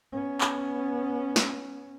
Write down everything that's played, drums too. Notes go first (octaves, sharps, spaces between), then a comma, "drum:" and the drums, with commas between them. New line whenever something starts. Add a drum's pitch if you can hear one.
B3 C#4
drum: clap
drum: snare